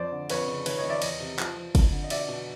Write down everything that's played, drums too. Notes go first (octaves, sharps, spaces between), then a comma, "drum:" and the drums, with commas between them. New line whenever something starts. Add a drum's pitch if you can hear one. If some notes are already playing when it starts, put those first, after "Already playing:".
Already playing: F2 C5 D5
D3
F2 B4 C#5, drum: cymbal
C#3
D#3 B4 C#5, drum: cymbal
C#5 D#5
D#3
D5 E5
E2 C#5 D#5, drum: cymbal
C3
F3, drum: clap
F3
F2, drum: kick, cymbal
D3
D#5
B2 D5 E5, drum: cymbal
B2